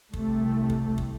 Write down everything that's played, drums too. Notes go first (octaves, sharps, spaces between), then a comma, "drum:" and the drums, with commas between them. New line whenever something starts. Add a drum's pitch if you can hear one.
C2 C3 A3, drum: kick
drum: kick
drum: kick